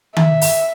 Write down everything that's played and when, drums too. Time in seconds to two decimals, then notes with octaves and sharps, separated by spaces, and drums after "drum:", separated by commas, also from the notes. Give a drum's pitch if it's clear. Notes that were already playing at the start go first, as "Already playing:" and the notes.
0.16 E5, drum: tom D#3
0.41 drum: open hi-hat